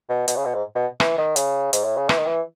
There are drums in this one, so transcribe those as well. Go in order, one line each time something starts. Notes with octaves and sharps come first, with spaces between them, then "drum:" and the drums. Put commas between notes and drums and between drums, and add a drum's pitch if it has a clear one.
B2
B2, drum: hi-hat
C#3
B2
G#2
B2
E3, drum: rim click
D#3
C#3, drum: hi-hat
G#2, drum: hi-hat
A2
C#3
E3, drum: rim click
D#3
E3